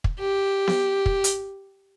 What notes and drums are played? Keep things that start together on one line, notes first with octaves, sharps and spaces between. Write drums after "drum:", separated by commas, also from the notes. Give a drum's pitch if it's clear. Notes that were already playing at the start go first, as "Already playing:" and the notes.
drum: kick
G4
drum: snare B3
drum: kick
drum: hi-hat